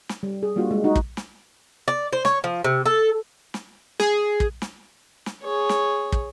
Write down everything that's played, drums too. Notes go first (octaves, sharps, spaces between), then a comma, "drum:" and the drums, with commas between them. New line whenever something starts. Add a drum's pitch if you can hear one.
drum: snare
G3
G#4
G3 A#3 D4 F4 F#4
G#3
D#4 F#4
drum: kick
drum: snare
D5
C5
C#5, drum: snare
F3
C3
A4
drum: snare
G#4, drum: snare
drum: kick
drum: snare
drum: snare
G#4 C#5
drum: snare
drum: kick